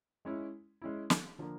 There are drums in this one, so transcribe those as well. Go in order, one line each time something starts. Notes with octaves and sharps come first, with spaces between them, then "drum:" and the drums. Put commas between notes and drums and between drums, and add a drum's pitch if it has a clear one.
G#3 C#4 E4
G#3 C#4 E4
drum: snare
D3 F3 A#3